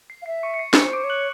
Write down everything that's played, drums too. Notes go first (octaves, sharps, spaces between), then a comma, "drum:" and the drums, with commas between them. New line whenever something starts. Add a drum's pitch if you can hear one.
C7
F5
E5 C7
C#6 C#7
C#7
C7
B4 C#6 C#7, drum: snare
C5
D6 D7
C#5
F#6 F#7